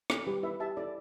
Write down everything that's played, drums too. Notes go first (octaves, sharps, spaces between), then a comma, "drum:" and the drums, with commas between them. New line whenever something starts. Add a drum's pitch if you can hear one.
E4 A4, drum: rim click
G3 G4 B4
E4 B4 E5
G4 E5 A5
E4 A4 D5